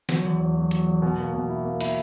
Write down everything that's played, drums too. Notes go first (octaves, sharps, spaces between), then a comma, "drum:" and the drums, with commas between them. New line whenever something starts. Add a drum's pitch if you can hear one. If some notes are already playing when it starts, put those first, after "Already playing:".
F#3, drum: snare
E2
E2
F#3
F#3, drum: hi-hat
E2
B2
A#3
B2
E4
A#3
E4, drum: cymbal